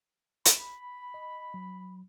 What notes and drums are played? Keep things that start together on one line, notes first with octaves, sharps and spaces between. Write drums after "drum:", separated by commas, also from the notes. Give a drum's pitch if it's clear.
B5, drum: hi-hat
D#5
F#3